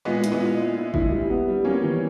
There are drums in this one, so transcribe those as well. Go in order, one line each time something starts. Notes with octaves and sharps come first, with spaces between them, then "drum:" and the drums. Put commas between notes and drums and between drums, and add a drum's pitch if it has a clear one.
A#2 G#3 B3
E4, drum: hi-hat
G#3 B3
A#2
A#2
E4
E4, drum: kick G1
G3
B3
G3
G3 A#3 C#4
E3